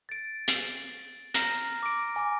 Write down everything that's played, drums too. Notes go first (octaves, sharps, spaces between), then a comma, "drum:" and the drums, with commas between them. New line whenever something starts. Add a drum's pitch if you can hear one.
A6 D7
drum: hi-hat
A#5 F6 A#6, drum: hi-hat
D6 D7
G#5 D6